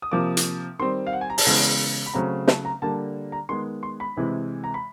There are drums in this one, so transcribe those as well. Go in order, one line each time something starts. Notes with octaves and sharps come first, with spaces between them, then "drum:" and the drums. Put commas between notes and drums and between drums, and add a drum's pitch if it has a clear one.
D#6
C3 F3 A#3 D6
drum: hi-hat
D#3 G3 C4 C6
F5
F#5
G#5
A#5
A5, drum: open hi-hat
C#3 E3 G#3 B3
B5
C#3 F#3 A3 C4 A#5
A5, drum: snare
A#5
D3 G3 A#3 A5
A#5
D#3 G#3 B3 C6
C6
B5
C3 E3 G#3 C4
A#5
B5